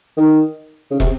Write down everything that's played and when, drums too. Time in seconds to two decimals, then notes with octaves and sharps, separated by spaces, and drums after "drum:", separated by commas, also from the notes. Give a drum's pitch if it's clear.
0.17 D#3
0.91 C#3
1.00 C3, drum: kick